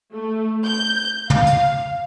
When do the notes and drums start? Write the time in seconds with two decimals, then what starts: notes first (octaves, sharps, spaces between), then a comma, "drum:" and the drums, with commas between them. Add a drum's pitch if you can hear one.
0.12 A3
0.65 G6
1.30 F5, drum: tom
1.47 drum: hi-hat